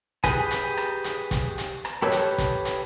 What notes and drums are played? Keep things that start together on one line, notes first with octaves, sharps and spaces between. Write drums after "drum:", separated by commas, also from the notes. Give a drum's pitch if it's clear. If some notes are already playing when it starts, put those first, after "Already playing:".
G4 G#4 B4 G#5, drum: kick, hi-hat
drum: hi-hat
drum: rim click
drum: hi-hat
drum: kick, hi-hat
drum: hi-hat
drum: rim click
G4 A4 B4 C#5
drum: hi-hat
drum: kick, hi-hat
drum: hi-hat